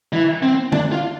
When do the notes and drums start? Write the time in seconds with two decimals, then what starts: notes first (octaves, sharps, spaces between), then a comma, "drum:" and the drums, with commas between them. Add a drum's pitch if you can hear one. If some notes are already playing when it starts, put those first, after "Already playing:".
0.13 E3
0.43 C4
0.72 D4, drum: tom D3
0.92 F4